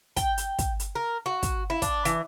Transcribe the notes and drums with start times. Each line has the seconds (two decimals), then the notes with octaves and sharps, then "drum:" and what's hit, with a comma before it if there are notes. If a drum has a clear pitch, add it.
0.17 G5, drum: kick, hi-hat
0.38 drum: hi-hat
0.59 drum: kick, hi-hat
0.80 drum: hi-hat
0.95 A#4
1.26 F#4
1.43 drum: kick, hi-hat
1.70 E4
1.82 D4, drum: kick, hi-hat
2.05 E3, drum: hi-hat